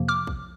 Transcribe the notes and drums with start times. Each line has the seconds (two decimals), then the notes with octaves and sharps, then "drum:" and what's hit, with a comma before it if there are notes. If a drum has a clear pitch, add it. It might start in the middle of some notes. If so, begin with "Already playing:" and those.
Already playing: F2 C3 F3 A#3
0.08 D6 F6
0.27 drum: kick